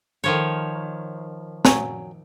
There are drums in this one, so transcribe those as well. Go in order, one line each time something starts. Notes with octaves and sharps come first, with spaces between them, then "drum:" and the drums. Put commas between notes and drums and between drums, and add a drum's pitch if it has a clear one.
D#3 F3 C#5
F#3 C#4, drum: snare